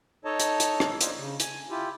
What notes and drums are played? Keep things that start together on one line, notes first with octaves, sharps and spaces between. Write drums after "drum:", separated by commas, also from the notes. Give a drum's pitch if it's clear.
D#4 A4 C#5 D#5 A5
drum: hi-hat
drum: hi-hat
drum: rim click
D4 C5 D#5 F5, drum: hi-hat
C#3
G#5, drum: hi-hat
E4 F4 G4